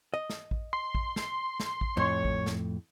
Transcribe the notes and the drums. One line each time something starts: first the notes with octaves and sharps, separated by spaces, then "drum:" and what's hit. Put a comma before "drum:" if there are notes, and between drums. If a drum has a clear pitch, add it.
D#5
drum: snare
drum: kick A1
C6
drum: kick A1
drum: snare
drum: snare
drum: kick A1
F2 A2 C#5
drum: kick A1
drum: snare